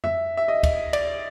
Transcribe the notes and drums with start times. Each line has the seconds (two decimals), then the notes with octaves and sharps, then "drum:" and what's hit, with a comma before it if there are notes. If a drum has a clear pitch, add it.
0.04 E5, drum: tom F2
0.37 E5
0.48 D#5
0.63 drum: kick D2, cymbal
0.93 D5, drum: cymbal